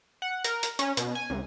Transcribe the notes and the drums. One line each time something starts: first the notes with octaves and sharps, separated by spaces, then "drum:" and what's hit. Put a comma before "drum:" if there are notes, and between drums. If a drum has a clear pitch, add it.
F#5
A#4, drum: hi-hat
drum: hi-hat
C#4, drum: hi-hat
B2, drum: hi-hat
G#5
C#2